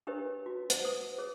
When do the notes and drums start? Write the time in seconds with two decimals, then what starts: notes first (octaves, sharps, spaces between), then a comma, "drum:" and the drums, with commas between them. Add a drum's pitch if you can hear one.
0.07 D4 G4 A#4 B4 C#5 D#5
0.46 F#4
0.70 B4 C5 D#5 F#5, drum: hi-hat
0.85 D#6
1.18 G#4 C#5